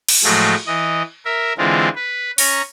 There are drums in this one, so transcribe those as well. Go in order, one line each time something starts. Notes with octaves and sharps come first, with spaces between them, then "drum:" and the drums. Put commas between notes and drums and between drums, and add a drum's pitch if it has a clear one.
drum: cymbal
A2 F3 F#3 G#3 A3
E3 D#5
A#4 E5
D3 E3 G#3 C4 F4
B4
C#4 A#5 C#6, drum: open hi-hat